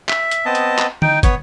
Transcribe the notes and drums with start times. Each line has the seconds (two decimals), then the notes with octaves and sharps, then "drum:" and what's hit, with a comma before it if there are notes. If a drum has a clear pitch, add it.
0.09 E5, drum: clap
0.31 drum: hi-hat
0.45 B3 C4 D#5 A5
0.55 drum: hi-hat
0.78 drum: clap
1.02 D#4 G5, drum: tom
1.23 B3 C#5, drum: kick, hi-hat